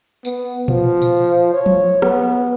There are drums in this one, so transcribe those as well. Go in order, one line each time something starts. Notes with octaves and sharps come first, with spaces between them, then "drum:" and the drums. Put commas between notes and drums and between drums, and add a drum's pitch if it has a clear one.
B3, drum: tambourine
F3, drum: tom A#2
drum: tambourine
C#5
drum: tom F3
B3, drum: rim click